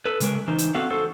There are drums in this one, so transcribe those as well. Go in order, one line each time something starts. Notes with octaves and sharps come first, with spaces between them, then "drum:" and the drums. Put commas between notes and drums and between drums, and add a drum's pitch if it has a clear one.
A4 B4
C#3 G#3 A#4, drum: hi-hat
E3 D#4 C5
drum: hi-hat
C4 F#4 A4 F5 F#5
F#4 A4 C5